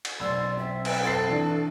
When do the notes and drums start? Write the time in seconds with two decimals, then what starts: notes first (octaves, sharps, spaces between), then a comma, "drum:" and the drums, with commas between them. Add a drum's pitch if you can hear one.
0.05 drum: cymbal
0.20 B1 C5 D5 E6
0.57 C4 E5
0.85 B4, drum: cymbal
1.03 C4 A4 A6 C7
1.29 E3 D4